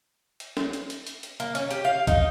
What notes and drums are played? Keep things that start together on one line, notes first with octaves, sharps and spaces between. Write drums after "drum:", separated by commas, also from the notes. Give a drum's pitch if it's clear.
drum: hi-hat
drum: snare
drum: hi-hat
drum: hi-hat
drum: hi-hat
drum: hi-hat
A#3, drum: hi-hat
C#4, drum: hi-hat
G4, drum: hi-hat
F5
D#4, drum: kick B1, hi-hat